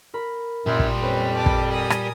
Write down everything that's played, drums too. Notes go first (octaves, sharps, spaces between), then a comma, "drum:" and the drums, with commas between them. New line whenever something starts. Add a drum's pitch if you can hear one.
A#4 B5
F#2 A#2 G3 C6
drum: kick
F2 C#4 B4 C5
B4 A5 D6
drum: kick
A#4 G#5 D#6
drum: rim click